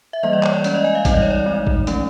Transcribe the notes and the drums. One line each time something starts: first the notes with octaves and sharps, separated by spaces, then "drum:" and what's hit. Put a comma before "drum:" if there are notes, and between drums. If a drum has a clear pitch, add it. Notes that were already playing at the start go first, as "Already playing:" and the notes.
E5
E3 G3 A#3 D#5
D5
C#5, drum: clap
D5
G#3 C#4 D5, drum: hi-hat
D#5
G#5
F5
E3 G3 C4 D#4 D#5, drum: kick A1, hi-hat
D5
C#5
D5
G#3 C4 D#4
drum: kick A1
F3 A3 C#4, drum: hi-hat